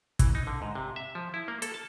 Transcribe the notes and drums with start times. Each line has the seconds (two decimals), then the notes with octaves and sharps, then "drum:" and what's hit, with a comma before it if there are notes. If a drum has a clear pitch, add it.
0.19 E3, drum: kick, hi-hat
0.35 D#4
0.47 D3
0.62 G#2
0.75 C3
0.96 E5
1.15 F3
1.34 E4
1.48 A#3
1.62 A4, drum: hi-hat
1.74 A5